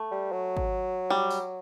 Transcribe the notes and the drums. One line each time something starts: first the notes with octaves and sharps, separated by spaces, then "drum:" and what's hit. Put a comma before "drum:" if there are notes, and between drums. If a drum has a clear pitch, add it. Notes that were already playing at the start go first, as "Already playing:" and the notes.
Already playing: A3
G3
F#3
drum: kick G#1
G3
drum: tambourine